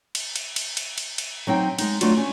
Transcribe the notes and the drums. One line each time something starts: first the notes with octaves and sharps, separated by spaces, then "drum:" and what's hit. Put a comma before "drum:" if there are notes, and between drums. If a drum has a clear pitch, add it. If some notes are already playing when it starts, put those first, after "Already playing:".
drum: cymbal
drum: cymbal
drum: cymbal
drum: cymbal
drum: cymbal
drum: cymbal
F#3 C4 D#4 G5
G#3 D#4, drum: cymbal
F#3 A3 D4 F4 F#4, drum: cymbal
C#4